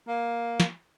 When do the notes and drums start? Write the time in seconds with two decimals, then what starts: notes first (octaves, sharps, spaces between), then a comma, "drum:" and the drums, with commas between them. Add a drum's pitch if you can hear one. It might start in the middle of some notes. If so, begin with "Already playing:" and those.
0.08 A#3
0.60 drum: snare